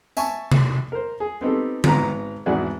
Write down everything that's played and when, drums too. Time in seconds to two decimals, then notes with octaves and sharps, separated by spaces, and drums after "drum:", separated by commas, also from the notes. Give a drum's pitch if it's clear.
0.17 E5 G#5 A5 C#6, drum: tambourine
0.52 drum: tom C3
0.92 A#4 C5
1.20 G#4
1.41 B3 C4 D#4 G4 A4
1.84 G#1 B3 A#5, drum: tom D3
2.46 G#1 E2 G#2 F#4 D5